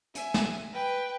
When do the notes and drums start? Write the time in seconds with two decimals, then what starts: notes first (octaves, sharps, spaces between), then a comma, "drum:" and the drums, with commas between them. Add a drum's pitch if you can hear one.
0.15 E5 G#5, drum: hi-hat
0.34 drum: snare
0.73 B4 G5